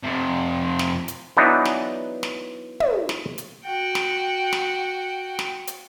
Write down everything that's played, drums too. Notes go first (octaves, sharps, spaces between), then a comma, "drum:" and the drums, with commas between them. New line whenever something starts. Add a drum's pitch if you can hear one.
F2 C3
drum: snare
drum: hi-hat
E3 F#3 B3 D4 D#4
drum: snare
drum: snare
drum: tom
drum: snare
drum: hi-hat
F#4 G5
drum: snare
drum: snare
drum: snare
drum: hi-hat